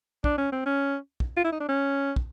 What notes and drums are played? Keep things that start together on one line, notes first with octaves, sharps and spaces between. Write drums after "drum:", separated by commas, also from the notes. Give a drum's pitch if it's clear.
D4, drum: kick
C#4
C4
C#4
drum: kick
F4
E4
D#4
D4
C#4
drum: kick